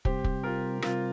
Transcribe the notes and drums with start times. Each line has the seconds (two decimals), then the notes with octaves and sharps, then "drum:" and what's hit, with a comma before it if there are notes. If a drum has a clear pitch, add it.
0.05 C3 G3 C4 G4 C5, drum: kick
0.24 drum: kick
0.43 F4 A#4
0.82 C3 G3 C4 F4 A#4, drum: rim click